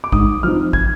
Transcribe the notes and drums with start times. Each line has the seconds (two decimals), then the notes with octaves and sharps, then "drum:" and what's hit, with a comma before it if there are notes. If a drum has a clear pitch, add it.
0.04 D6
0.12 G#2 D#6, drum: kick
0.43 F3 C4 D#4 F6
0.73 G#6, drum: kick